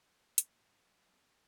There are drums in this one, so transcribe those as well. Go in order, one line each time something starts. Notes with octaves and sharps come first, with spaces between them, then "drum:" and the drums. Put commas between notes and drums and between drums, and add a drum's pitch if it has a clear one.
F#3
A#3
A#3, drum: hi-hat
G#2
G#2
F#3
F#3
B3